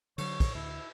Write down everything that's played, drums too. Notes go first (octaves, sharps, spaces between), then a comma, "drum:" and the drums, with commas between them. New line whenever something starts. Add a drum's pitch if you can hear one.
D3 F#3 C#5, drum: cymbal
drum: kick, cymbal
D2 E4